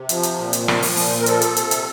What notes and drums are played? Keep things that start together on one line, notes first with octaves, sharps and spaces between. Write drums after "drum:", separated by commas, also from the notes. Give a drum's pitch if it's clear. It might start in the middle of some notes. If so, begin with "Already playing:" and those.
Already playing: C3
F3, drum: hi-hat
drum: hi-hat
A#2
drum: hi-hat
F3, drum: rim click
drum: open hi-hat
A#2, drum: open hi-hat
A#4
F3 A4, drum: hi-hat
drum: hi-hat
C3, drum: hi-hat
drum: hi-hat